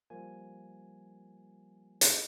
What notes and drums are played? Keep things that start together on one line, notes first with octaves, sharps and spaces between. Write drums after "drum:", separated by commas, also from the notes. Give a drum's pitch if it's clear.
F3 G3 A#3 G#5
drum: hi-hat